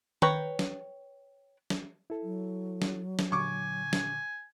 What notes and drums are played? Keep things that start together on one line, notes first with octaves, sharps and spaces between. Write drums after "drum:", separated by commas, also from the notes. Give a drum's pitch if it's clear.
B4 C#5 G5 A#5, drum: tom D#3
drum: snare
drum: snare
E4 A4
F#3
drum: snare
drum: snare
A#2 D3 G#5 C#6 D6
drum: snare